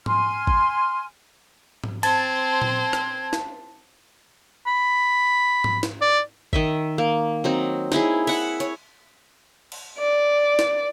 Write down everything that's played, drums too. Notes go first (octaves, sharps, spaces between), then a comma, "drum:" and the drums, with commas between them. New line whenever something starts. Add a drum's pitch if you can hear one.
G#5 C6 F6, drum: tom G#2
drum: kick
drum: tom G#2
C4 C5 A5 G#6, drum: cymbal
drum: tom A#2
drum: rim click
drum: snare
B5
drum: tom G#2
drum: snare
D5
D#3 D#5 E5, drum: kick
A#3
F#3 C4 D#4
D#4 E4 G#4, drum: snare
E5 F#5, drum: cymbal
C#5, drum: hi-hat
drum: cymbal
D5
drum: snare